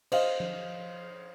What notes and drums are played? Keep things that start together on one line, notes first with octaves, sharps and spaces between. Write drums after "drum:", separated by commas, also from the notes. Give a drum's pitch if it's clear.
C5 D#5 F5, drum: cymbal
drum: tom F3